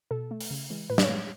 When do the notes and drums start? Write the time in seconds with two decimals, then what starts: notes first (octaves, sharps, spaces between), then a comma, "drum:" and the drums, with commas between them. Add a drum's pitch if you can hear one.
0.11 B2 A4
0.31 A3
0.41 drum: open hi-hat
0.51 C#3
0.70 E3 G#3
0.90 A2 B4
0.98 D5, drum: snare
1.03 C#5
1.09 G#3